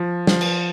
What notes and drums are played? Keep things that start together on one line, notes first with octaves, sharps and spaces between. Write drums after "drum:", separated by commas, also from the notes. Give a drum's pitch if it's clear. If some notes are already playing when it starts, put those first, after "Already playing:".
Already playing: F3
F3, drum: snare
drum: cymbal